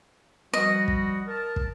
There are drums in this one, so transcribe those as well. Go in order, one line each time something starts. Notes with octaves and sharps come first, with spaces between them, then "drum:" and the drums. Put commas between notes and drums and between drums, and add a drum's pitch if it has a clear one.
F3 G3 F#4 D#5
drum: kick
A#4 A5
drum: kick